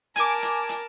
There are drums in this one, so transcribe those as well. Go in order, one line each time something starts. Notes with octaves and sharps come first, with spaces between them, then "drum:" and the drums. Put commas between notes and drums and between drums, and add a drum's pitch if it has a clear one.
A#4 G#5 A5 D6, drum: hi-hat
drum: hi-hat
drum: hi-hat